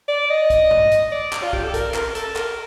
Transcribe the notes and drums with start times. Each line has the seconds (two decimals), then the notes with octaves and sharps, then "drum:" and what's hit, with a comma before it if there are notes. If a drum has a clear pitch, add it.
0.08 D5
0.30 D#5
0.50 drum: kick, hi-hat
0.71 drum: tom G2
0.91 drum: hi-hat
1.12 D5
1.33 drum: clap
1.43 F4
1.53 G4, drum: kick
1.63 A4
1.74 A#4, drum: kick, hi-hat
1.94 A#4, drum: clap
2.15 A4, drum: hi-hat
2.36 A#4, drum: clap